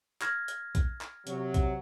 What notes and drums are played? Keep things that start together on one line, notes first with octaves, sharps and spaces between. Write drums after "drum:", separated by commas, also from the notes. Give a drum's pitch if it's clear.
F6 G#6 A#6, drum: clap
drum: hi-hat
drum: kick A#1, hi-hat
drum: clap
C3 F#3, drum: hi-hat
drum: kick A#1, hi-hat